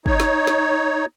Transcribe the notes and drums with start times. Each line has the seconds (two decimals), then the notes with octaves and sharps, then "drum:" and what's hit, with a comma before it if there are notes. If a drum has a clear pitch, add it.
0.06 D#4 C#5, drum: kick
0.20 drum: snare
0.47 drum: snare